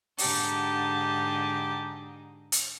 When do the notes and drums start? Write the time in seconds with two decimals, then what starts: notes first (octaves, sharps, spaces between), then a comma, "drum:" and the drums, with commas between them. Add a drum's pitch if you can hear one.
0.18 G#2 D3 D#4 G4 A5, drum: open hi-hat
2.52 drum: hi-hat